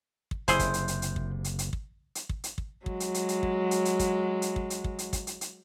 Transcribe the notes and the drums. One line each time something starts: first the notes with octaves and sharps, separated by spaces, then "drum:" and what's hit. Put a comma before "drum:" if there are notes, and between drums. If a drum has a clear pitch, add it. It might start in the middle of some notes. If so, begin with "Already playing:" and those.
drum: kick
F#1 C3 E4 G#4 C5, drum: hi-hat
drum: kick, hi-hat
drum: hi-hat
drum: hi-hat
drum: hi-hat
drum: kick
drum: hi-hat
drum: hi-hat
drum: kick
drum: hi-hat
drum: kick
drum: hi-hat
drum: kick
F#3 G#3, drum: kick
drum: hi-hat
drum: hi-hat
drum: hi-hat
drum: kick
drum: hi-hat
drum: hi-hat
drum: kick, hi-hat
drum: hi-hat
drum: kick
drum: hi-hat
drum: kick
drum: hi-hat
drum: kick, hi-hat
drum: hi-hat
drum: hi-hat